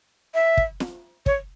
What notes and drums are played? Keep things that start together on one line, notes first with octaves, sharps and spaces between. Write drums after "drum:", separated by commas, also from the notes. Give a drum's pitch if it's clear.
E5
drum: kick
drum: snare
C#5, drum: kick